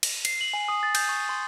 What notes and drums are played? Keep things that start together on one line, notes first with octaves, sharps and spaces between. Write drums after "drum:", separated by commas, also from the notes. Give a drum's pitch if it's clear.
drum: cymbal
C7, drum: cymbal
F#7
G#5
D#6
A6
G6, drum: cymbal
C#6
C6